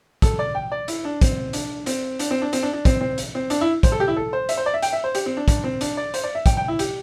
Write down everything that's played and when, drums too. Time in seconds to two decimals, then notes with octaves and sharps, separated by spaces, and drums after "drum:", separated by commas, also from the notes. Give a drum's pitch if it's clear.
0.22 A4, drum: kick, hi-hat
0.39 D5
0.55 G5
0.72 D5
0.88 E4, drum: hi-hat
1.05 D4
1.21 C4, drum: kick, hi-hat
1.53 D4, drum: hi-hat
1.86 C4, drum: hi-hat
2.19 D4, drum: hi-hat
2.31 C4
2.42 D4
2.53 C4, drum: hi-hat
2.63 D4
2.73 D4
2.85 C4, drum: kick, hi-hat
3.01 C4
3.18 drum: hi-hat
3.35 C4
3.50 D4, drum: hi-hat
3.61 E4
3.83 C5, drum: kick, hi-hat
3.92 A4
4.00 G4
4.08 E4
4.17 A4
4.33 C5
4.49 E5, drum: hi-hat
4.58 C5
4.66 D5
4.74 E5
4.83 G5, drum: hi-hat
4.93 E5
5.04 C5
5.15 G4, drum: hi-hat
5.26 C4
5.37 D4
5.48 D4, drum: kick, hi-hat
5.64 C4
5.81 D4, drum: hi-hat
5.97 D5
6.14 C5, drum: hi-hat
6.24 D5
6.35 E5
6.46 G5, drum: kick, hi-hat
6.57 G5
6.68 E4
6.79 G4, drum: hi-hat